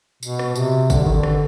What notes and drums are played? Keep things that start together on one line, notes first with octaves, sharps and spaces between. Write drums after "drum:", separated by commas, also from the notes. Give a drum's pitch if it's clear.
B2, drum: tambourine
drum: rim click
C3, drum: tambourine
D3, drum: kick, tambourine
D#3
D3
drum: rim click